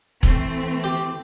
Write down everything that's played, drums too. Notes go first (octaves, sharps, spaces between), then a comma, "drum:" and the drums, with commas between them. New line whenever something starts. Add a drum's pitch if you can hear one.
E3 A3 C4, drum: kick E1
G4